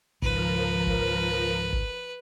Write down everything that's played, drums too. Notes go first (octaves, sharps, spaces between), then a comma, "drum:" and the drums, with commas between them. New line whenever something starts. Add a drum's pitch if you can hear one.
C#2 G#2 D#3 F3 A#4 B4, drum: kick
drum: kick
drum: kick